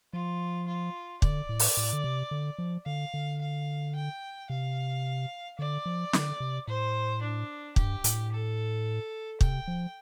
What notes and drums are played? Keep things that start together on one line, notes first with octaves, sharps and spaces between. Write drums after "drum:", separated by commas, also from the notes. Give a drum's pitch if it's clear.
F3 F4
F4
D3 D5, drum: kick
A2
drum: open hi-hat
A2
D3
C3
D3
F3
D3 F5
D3
F5
G5
C3 F5
D3 D5
F3
D3, drum: snare
C3
A2 C5
D4
G2 G4, drum: kick
A2, drum: hi-hat
A4
C3 G5, drum: kick
F3